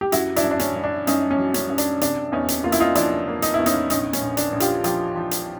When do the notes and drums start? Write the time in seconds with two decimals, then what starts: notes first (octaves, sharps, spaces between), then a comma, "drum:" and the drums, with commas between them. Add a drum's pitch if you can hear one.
0.01 G4
0.12 F#2 E4 F#4, drum: hi-hat
0.36 D4 E4, drum: hi-hat
0.44 F#2
0.51 D4
0.59 C#4, drum: hi-hat
0.76 F#2
0.84 D4
1.07 F#2 C#4 D#4, drum: hi-hat
1.31 C#4
1.38 F#3
1.54 C#4, drum: hi-hat
1.70 F#2
1.78 D4, drum: hi-hat
2.01 C3 D4, drum: hi-hat
2.32 E2 C#4 D#4
2.48 drum: hi-hat
2.64 A#3 F4
2.72 E4, drum: hi-hat
2.80 D#4 F4
2.95 F3 D4 E4, drum: hi-hat
3.27 A#3
3.42 D#4, drum: hi-hat
3.54 E2 E4
3.66 C#4 D#4, drum: hi-hat
3.90 A#1 C#4 D#4, drum: hi-hat
4.13 C#4, drum: hi-hat
4.21 A#1
4.37 D4, drum: hi-hat
4.53 A#1
4.60 F4 G4, drum: hi-hat
4.84 F3 F4 G4, drum: hi-hat
5.16 F3
5.31 drum: hi-hat